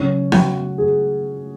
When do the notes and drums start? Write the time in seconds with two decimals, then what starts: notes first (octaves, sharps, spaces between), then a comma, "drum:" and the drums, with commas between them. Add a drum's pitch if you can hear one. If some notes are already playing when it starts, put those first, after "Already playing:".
Already playing: C#3 F#3 C#4 C#5
0.32 F#4, drum: snare B3
0.78 G#4